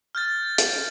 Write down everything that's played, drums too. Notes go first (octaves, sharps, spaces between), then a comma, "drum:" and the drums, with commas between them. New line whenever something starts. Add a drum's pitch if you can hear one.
F6 G6 A6
drum: hi-hat